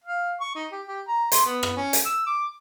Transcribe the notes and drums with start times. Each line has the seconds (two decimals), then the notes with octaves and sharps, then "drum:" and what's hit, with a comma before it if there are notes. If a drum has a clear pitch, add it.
0.04 F5
0.40 C#6
0.56 D#4
0.72 G4
0.88 G4
1.08 A#5
1.32 C6, drum: hi-hat
1.46 B3
1.63 drum: rim click
1.77 C#4
1.93 drum: hi-hat
2.05 E6
2.26 D6